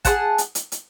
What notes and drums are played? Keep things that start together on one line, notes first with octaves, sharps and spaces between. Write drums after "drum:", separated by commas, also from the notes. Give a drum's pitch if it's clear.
G#4 B4 F#5 A5, drum: kick, hi-hat
drum: hi-hat
drum: hi-hat
drum: hi-hat